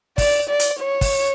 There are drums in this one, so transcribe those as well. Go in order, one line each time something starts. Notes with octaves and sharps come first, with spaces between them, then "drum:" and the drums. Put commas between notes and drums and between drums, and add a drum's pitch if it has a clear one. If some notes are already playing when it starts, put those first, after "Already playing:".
D5, drum: kick, open hi-hat
D5
drum: hi-hat
C#5
drum: kick, open hi-hat